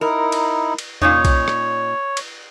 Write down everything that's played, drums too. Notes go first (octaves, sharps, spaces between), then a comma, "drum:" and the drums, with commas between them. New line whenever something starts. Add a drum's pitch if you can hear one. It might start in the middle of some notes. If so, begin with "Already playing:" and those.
D#4 E4 A#4
drum: cymbal
drum: cymbal
A#2 C#4 D#4 C#5, drum: tom E2
drum: kick B1, cymbal
drum: rim click
drum: cymbal